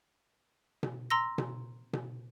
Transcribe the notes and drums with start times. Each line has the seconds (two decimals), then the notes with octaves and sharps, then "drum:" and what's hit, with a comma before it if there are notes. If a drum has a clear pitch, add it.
0.83 drum: tom B2
1.10 A#5 C6 E6 A#6
1.38 drum: tom B2
1.93 drum: tom B2